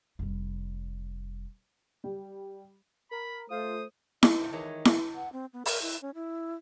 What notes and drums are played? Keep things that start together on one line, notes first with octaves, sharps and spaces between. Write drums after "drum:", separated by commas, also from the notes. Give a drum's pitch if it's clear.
F1 G3
G3
A#4 B5
A3 F4 C5 D#6
D#4, drum: snare E4
A#2 A3 C4
D#3 E3 G#3 C#5
G#2 C4 E4, drum: snare E4
F#5
C4
B3
A#4, drum: open hi-hat
E4
C#4
E4